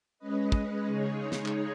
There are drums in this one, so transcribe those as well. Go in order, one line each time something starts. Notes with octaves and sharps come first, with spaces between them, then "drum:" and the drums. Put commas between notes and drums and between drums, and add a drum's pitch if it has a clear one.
G#3 C#4 B4 D#5
drum: kick
C#3 G#3 D#4 G#4 C#5
drum: snare
drum: clap